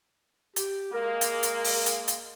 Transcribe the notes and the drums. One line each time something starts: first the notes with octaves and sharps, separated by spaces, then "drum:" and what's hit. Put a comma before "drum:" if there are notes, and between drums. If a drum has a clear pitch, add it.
G4, drum: hi-hat
G#3 A#3 A#4
drum: hi-hat
drum: hi-hat
drum: open hi-hat
drum: hi-hat
drum: hi-hat